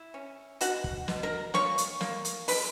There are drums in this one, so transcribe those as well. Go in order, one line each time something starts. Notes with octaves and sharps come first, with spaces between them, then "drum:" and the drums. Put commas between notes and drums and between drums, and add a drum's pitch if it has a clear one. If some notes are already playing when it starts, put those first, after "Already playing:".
Already playing: E4
C#4
B2 F#4 F#5, drum: hi-hat
drum: kick
B2, drum: snare
A#4 A#5
A#3 C#5 C#6, drum: snare
drum: hi-hat
A#3, drum: snare
drum: hi-hat
G#3 B4 B5, drum: open hi-hat